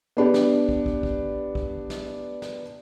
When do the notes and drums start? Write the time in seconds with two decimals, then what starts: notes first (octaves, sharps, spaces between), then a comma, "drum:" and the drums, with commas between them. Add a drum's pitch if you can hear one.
0.17 B3 D4 G4
0.34 drum: snare
0.69 drum: kick
0.86 drum: kick
1.03 drum: kick
1.55 drum: kick
1.90 drum: snare
2.42 drum: snare